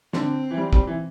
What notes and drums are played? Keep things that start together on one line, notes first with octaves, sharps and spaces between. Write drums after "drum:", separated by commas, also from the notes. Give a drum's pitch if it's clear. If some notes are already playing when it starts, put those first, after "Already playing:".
D3 C4, drum: snare
E3
G3
G3, drum: kick
E3